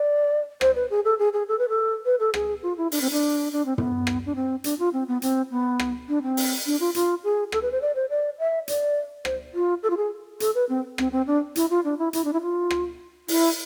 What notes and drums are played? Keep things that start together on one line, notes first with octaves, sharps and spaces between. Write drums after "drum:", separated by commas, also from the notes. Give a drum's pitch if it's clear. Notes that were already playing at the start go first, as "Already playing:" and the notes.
Already playing: D5
C5, drum: rim click
B4
G#4
A4
G#4
G#4
A4
B4
A4
B4
A4
G#4, drum: rim click
F4
E4
D4, drum: open hi-hat
C4
D4
D4
C4
B3, drum: tom
drum: rim click
D4
C4
D4, drum: hi-hat
F4
C4
B3
C4, drum: hi-hat
B3
drum: rim click
D4
C4
drum: open hi-hat
D4
F4
F4, drum: hi-hat
G#4
A4, drum: rim click
B4
C5
D5
C5
D5
E5
D5, drum: hi-hat
C5, drum: rim click
F4
A4
F4
G#4
A4, drum: hi-hat
B4
C4
C4, drum: rim click
C4
D4
E4, drum: hi-hat
F4
D4
E4
E4, drum: hi-hat
D4
E4
F4
drum: rim click
E4, drum: open hi-hat